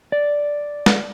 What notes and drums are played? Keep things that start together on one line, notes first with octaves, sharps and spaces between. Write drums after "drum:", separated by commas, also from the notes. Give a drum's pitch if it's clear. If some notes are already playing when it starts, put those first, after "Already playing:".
D5
drum: snare